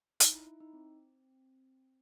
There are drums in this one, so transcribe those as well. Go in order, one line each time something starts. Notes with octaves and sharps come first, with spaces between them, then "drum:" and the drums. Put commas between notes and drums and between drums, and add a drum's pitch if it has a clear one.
D#4, drum: hi-hat
E4
E4
D#4
C4